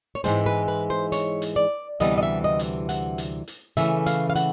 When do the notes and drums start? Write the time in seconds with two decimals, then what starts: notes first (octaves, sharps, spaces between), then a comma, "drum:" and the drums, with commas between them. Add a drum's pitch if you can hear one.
0.15 C#5
0.24 G#2 E3 G#3 C4 C5, drum: hi-hat
0.46 B4
0.68 B4
0.90 C5
1.12 C#5, drum: hi-hat
1.42 drum: hi-hat
1.56 D5
2.00 D2 C3 E3 G3 B3 D#5, drum: hi-hat
2.18 D#5
2.23 E5
2.44 D#5
2.59 drum: hi-hat
2.89 F#5, drum: hi-hat
3.18 drum: hi-hat
3.48 drum: hi-hat
3.77 C#3 E3 A3 C#4 E5, drum: hi-hat
4.06 F5, drum: hi-hat
4.30 F5
4.36 F#5, drum: hi-hat